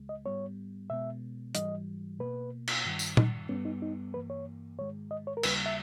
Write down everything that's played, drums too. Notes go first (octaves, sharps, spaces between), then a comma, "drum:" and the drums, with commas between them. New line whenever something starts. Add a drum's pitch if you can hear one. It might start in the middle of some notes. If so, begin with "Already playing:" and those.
Already playing: C#2 C#3 G#3
D#5
G#2 G3 B3 C#5
B2 G#3 B3 E5
G#2 E3 G3 D#5, drum: hi-hat
B2 A#3 B4
drum: cymbal
G2 D#3 G3
drum: tambourine
D#4, drum: tom A#2
G2 G3 B3 C#4
D#4
D#4
G2 E3 A#3 B4
C#5
G#2 D#3 G#3 C#5
D#5
C#5
A#4
D#2 C#3 G3 A#3 B4, drum: cymbal
E5